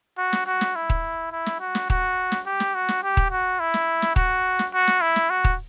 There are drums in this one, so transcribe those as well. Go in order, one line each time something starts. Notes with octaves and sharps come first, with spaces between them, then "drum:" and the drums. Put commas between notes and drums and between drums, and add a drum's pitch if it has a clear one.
F#4
drum: snare
F#4
drum: snare
E4
drum: kick D#1
E4
drum: snare
F#4
drum: snare
F#4, drum: kick D#1
drum: snare
G4
drum: snare
F#4
drum: snare
G4
drum: kick D#1
F#4
E4
drum: snare
drum: snare
F#4, drum: kick D#1
drum: snare
F#4
drum: snare
E4
drum: snare
F#4
drum: kick D#1